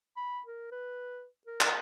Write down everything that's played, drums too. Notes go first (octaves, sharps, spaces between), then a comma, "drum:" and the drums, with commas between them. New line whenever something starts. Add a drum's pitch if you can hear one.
B5
A#4
B4
A#4
drum: clap